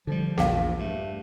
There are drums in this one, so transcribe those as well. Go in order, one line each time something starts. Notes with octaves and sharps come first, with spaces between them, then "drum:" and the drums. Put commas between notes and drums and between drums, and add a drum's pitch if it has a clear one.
D3 F3 G3
A#1 E2 A#2 G#4 F5, drum: snare A#3
G2 A3